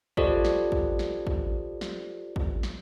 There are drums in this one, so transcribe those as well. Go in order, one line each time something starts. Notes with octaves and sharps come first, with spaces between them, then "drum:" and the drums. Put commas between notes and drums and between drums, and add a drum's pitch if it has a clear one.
F4 G4 A4 C5 D5 D#5, drum: kick
drum: snare
drum: kick
drum: snare
drum: kick
drum: snare
drum: kick
drum: snare